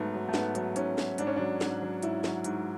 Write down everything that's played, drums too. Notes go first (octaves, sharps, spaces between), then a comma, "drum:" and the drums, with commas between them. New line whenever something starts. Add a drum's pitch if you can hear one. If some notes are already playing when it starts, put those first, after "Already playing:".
Already playing: G#2 F#3 A3 B3
F#3
A3
G#2 B3, drum: snare
F#3, drum: hi-hat
G#2 C#4, drum: hi-hat
F#3, drum: snare
G#2 D4, drum: hi-hat
C#4
F#3 D4
G#2, drum: snare
F#3
G#2 E4, drum: hi-hat
F#3, drum: snare
G#2, drum: hi-hat